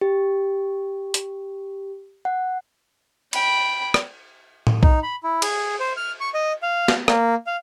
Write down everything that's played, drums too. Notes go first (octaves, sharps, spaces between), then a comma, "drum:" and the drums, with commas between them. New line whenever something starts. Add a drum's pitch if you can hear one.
G4
drum: hi-hat
F#5
G5 B5, drum: cymbal
drum: rim click
drum: tom A2
D#4, drum: kick B1
B5
E4
G#4, drum: cymbal
C5
F6
C#6
D#5
F5
drum: snare
A#3, drum: rim click
F5